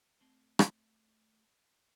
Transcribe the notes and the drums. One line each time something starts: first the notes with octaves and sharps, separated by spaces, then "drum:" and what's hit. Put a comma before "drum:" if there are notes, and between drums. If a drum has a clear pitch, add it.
A3 C4 C6
drum: rim click